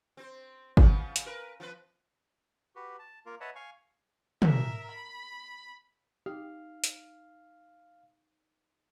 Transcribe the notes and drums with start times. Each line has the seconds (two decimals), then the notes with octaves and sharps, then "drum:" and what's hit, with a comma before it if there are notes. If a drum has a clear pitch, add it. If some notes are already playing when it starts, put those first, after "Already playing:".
0.17 C4 C5
0.77 C#3 F3 B3, drum: kick
1.16 drum: hi-hat
1.26 A#4 B4
1.60 F3 C4 B4
2.76 F#4 G4 B4
2.99 A5
3.26 A#3 F4 A#4
3.41 B4 C#5 D#5 E5 F#5 A5
3.55 F5 G#5 C#6
4.42 A#4 E5, drum: tom
4.91 B5
6.26 D#4 G4 F5
6.84 drum: hi-hat